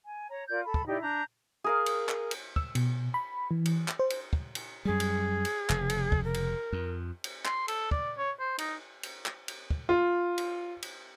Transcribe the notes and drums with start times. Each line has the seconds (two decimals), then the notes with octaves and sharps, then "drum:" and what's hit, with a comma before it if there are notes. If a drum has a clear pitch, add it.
0.05 G#5
0.30 C#5 A#5
0.48 F4 A#4 D5 G6
0.65 A4 B5
0.74 drum: kick
0.87 D#4 E4 G4 D5
1.02 D4 A#5 G6
1.64 G#4 A#4 F5
1.86 drum: cymbal
2.09 drum: clap
2.31 drum: cymbal
2.56 E6, drum: kick
2.75 B2, drum: cymbal
3.14 B5
3.51 E3
3.66 drum: cymbal
3.88 drum: clap
3.99 C5
4.10 drum: cymbal
4.33 drum: kick
4.55 drum: cymbal
4.85 F#2 G3 G#4
5.00 drum: cymbal
5.45 drum: cymbal
5.69 F1 C#3, drum: clap
5.90 drum: cymbal
6.12 drum: kick
6.24 A#4
6.34 drum: cymbal
6.73 F2
7.24 drum: cymbal
7.45 C6, drum: clap
7.68 A4, drum: cymbal
7.91 D5, drum: kick
8.18 C#5
8.40 C5
8.58 D#4, drum: cymbal
9.03 drum: cymbal
9.26 drum: clap
9.48 drum: cymbal
9.70 drum: kick
9.89 F4
10.38 drum: cymbal
10.83 drum: cymbal